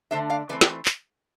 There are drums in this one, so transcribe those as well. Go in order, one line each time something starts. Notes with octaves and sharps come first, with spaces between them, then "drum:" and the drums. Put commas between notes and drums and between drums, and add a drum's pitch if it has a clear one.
D3 A3 D4 C5 E5
D5 F5
E3 A3 C4 B4 D5
B4 D5, drum: snare
drum: clap